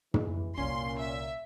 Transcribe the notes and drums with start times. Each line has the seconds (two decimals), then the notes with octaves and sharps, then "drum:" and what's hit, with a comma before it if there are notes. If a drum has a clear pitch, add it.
0.14 E3, drum: tom
0.58 C2 A#2 C#4 C6
0.99 E5